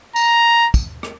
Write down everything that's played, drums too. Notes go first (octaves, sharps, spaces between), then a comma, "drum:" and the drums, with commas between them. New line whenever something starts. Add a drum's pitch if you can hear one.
A#5, drum: tambourine
drum: kick, tambourine
drum: rim click